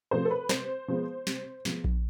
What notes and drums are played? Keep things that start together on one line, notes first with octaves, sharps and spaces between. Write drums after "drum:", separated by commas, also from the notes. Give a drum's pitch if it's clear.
C3 F3 A3 C5
A4
B4
C3 C5, drum: snare
F3 G#3 B3
C3, drum: snare
F3 G#3 B3, drum: snare
drum: kick A#1